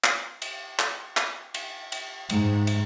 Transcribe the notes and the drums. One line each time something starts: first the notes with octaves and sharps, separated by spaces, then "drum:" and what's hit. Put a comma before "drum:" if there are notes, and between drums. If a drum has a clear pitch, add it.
drum: clap
drum: cymbal
drum: clap
drum: clap
drum: cymbal
drum: cymbal
G#2, drum: cymbal
drum: cymbal